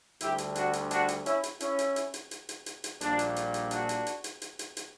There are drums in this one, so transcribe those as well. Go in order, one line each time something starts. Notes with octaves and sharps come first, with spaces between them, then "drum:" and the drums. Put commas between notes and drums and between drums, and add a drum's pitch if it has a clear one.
D2 D3 G3 E4 G4, drum: hi-hat
drum: hi-hat
D4 F#4, drum: hi-hat
drum: hi-hat
D4 F#4, drum: hi-hat
drum: hi-hat
C#4 E4, drum: hi-hat
drum: hi-hat
C#4 E4, drum: hi-hat
drum: hi-hat
drum: hi-hat
drum: hi-hat
drum: hi-hat
drum: hi-hat
drum: hi-hat
drum: hi-hat
A#1 A#2 G3 D4, drum: hi-hat
drum: hi-hat
drum: hi-hat
drum: hi-hat
D4 F#4, drum: hi-hat
drum: hi-hat
drum: hi-hat
drum: hi-hat
drum: hi-hat
drum: hi-hat
drum: hi-hat